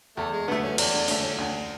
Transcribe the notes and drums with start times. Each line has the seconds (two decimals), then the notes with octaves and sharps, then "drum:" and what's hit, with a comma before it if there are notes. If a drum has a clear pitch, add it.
0.17 E2 A3
0.33 G#3
0.48 D3 A3 B3
0.63 C#4
0.78 E2 D3 D4, drum: cymbal
0.93 D3 D4
1.08 D3 A3 C#4, drum: open hi-hat
1.23 C#4
1.38 D2